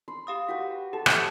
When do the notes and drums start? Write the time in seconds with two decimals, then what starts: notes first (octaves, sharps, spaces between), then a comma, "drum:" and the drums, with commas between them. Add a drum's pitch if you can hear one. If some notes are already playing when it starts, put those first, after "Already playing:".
0.08 B5 C6
0.27 G4 F5 D#6
0.48 F#4 G4 B4 B6
0.93 G4 A4
1.06 drum: rim click